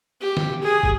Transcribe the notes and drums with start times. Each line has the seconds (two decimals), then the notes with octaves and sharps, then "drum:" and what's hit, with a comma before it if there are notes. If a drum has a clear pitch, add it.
0.21 G4
0.37 drum: snare
0.63 G#4
0.83 drum: kick